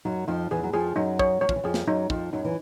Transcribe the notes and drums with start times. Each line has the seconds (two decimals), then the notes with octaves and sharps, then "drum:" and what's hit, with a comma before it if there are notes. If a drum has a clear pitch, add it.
0.05 F#2 F#3 D#4
0.28 F2 F3 D#4
0.51 E2 E3 G#4
0.63 F#3
0.73 F2 F3 G#4
0.96 F#2 F#3 D#4
1.19 C#5, drum: kick
1.41 F#3 C#5
1.49 F3, drum: kick
1.56 E3
1.64 F2 F3 G#4
1.74 drum: snare
1.87 F#2 F#3 D#4
2.10 F2 F3 D#4, drum: kick
2.33 F#2 F#3 D#4
2.45 E3